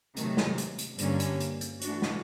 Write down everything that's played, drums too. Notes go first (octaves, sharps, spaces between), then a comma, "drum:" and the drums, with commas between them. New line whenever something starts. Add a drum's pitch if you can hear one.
C3 D#3 F#3 A3, drum: hi-hat
drum: snare
drum: hi-hat
drum: hi-hat
G2 D3 G3 A#3 C#4, drum: hi-hat
drum: hi-hat
drum: hi-hat
drum: hi-hat
E3 A3 D4 F#4, drum: hi-hat
drum: snare